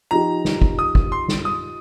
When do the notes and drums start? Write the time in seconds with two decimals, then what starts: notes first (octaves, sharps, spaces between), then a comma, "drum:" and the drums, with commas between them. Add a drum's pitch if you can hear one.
0.11 F3 D#4 G4 A#5
0.45 drum: snare
0.62 drum: kick
0.79 D#6
0.95 drum: kick
1.12 C6
1.28 drum: snare
1.45 D#6